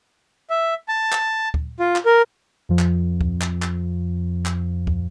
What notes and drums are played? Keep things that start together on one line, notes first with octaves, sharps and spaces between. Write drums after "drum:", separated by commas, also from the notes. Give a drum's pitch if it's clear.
E5
A5
drum: clap
drum: kick D2
F4
drum: clap
A#4
F2 F3
drum: clap
drum: kick D2
drum: clap
drum: clap
drum: clap
drum: kick D2